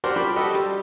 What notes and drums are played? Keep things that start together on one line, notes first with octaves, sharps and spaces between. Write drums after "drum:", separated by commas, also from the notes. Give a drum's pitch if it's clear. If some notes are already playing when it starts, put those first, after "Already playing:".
F#4 G4 A#4 C5 D5 C6
F3 G3 G4 G5 B5
F#4 G4 A4 D#5
G3, drum: hi-hat